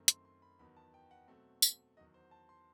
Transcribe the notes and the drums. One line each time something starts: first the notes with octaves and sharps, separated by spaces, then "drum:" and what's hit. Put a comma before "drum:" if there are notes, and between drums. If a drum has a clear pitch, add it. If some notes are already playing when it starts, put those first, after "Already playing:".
Already playing: F#2 D#3 A3 C4
C6, drum: hi-hat
C6
B5
E2 D#3 F#3 B3 B5
A5
G5
F#5
B2 F#3 A3 C4
drum: tambourine
E2 D#3 F#3 D#5
C5
A5
C6